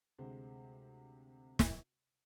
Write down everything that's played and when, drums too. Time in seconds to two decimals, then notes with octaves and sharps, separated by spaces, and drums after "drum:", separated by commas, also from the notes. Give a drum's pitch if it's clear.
0.19 D2 C3 G#3 C5
1.59 drum: snare